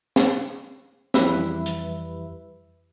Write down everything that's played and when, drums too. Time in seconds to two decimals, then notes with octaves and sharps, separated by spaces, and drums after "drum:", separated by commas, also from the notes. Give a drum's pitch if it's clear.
0.16 drum: snare
1.14 F2 E3 G3 B4 E5, drum: snare
1.66 drum: hi-hat